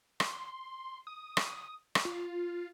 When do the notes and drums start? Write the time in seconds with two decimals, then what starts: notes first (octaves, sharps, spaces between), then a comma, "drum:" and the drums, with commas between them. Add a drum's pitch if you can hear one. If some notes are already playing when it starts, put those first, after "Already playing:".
0.20 C6, drum: rim click
1.07 D#6
1.37 drum: rim click
1.95 drum: rim click
2.05 F4